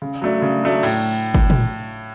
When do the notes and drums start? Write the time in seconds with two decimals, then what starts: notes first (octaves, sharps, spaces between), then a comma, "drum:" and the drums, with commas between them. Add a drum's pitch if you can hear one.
0.02 C#3
0.21 F#3 A3 D4
0.42 C#3
0.63 F#3 A3 D4
0.83 A2, drum: cymbal
1.34 drum: kick G1
1.50 drum: tom